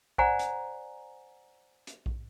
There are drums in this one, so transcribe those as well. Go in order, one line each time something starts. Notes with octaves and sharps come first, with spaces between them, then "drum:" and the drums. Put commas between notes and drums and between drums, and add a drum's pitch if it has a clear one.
C5 D5 F#5 G#5 A#5, drum: kick A#1
drum: hi-hat
drum: hi-hat
drum: kick A#1